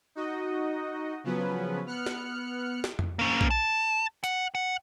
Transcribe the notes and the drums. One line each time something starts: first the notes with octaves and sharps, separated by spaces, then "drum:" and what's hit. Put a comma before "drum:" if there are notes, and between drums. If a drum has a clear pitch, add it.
D#4 F#4 D#5
C#3 F3 F#3 B3 C#4 B4
B3 F6 F#6 C#7
drum: snare
drum: snare
drum: tom F2
A#3 C#4
drum: kick A#1
A5
F#5, drum: hi-hat
F#5